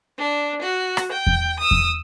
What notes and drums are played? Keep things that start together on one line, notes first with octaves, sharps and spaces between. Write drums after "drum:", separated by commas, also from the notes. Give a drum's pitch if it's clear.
D4
F#4
drum: rim click
G5
drum: kick E2
D#6 E6
drum: kick E2